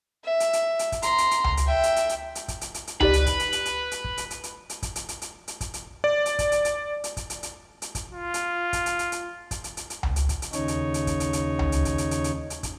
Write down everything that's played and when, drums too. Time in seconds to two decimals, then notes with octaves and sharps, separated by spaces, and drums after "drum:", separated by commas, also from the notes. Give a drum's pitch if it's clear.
0.24 E5
0.40 drum: hi-hat
0.53 drum: hi-hat
0.79 drum: hi-hat
0.92 drum: kick, hi-hat
1.02 A#5 C6, drum: hi-hat
1.18 drum: hi-hat
1.31 drum: hi-hat
1.44 drum: tom C#2
1.57 drum: hi-hat
1.67 E5 G5
1.83 drum: hi-hat
1.96 drum: hi-hat
2.09 drum: hi-hat
2.35 drum: hi-hat
2.48 drum: kick, hi-hat
2.61 drum: hi-hat
2.74 drum: hi-hat
2.87 drum: hi-hat
3.00 D#4 G4 B4 D5, drum: tom C#2
3.13 drum: hi-hat
3.26 drum: kick, hi-hat
3.39 drum: hi-hat
3.52 drum: hi-hat
3.65 drum: hi-hat
3.91 drum: hi-hat
4.04 drum: kick
4.17 drum: hi-hat
4.30 drum: hi-hat
4.44 drum: hi-hat
4.70 drum: hi-hat
4.83 drum: kick, hi-hat
4.96 drum: hi-hat
5.09 drum: hi-hat
5.22 drum: hi-hat
5.48 drum: hi-hat
5.61 drum: kick, hi-hat
5.74 drum: hi-hat
6.04 D5
6.26 drum: hi-hat
6.39 drum: kick, hi-hat
6.52 drum: hi-hat
6.65 drum: hi-hat
7.04 drum: hi-hat
7.17 drum: kick, hi-hat
7.30 drum: hi-hat
7.43 drum: hi-hat
7.82 drum: hi-hat
7.95 drum: kick, hi-hat
8.13 F4
8.34 drum: hi-hat
8.73 drum: kick, hi-hat
8.86 drum: hi-hat
8.99 drum: hi-hat
9.12 drum: hi-hat
9.51 drum: kick, hi-hat
9.64 drum: hi-hat
9.77 drum: hi-hat
9.90 drum: hi-hat
10.03 drum: tom C#2
10.16 drum: hi-hat
10.29 drum: kick, hi-hat
10.42 drum: hi-hat
10.53 D#2 C#3 D#4 C#5, drum: hi-hat
10.68 drum: hi-hat
10.94 drum: hi-hat
11.07 drum: kick, hi-hat
11.20 drum: hi-hat
11.33 drum: hi-hat
11.59 drum: tom C#2
11.72 drum: hi-hat
11.85 drum: kick, hi-hat
11.98 drum: hi-hat
12.11 drum: hi-hat
12.24 drum: hi-hat
12.50 drum: hi-hat
12.63 drum: kick, hi-hat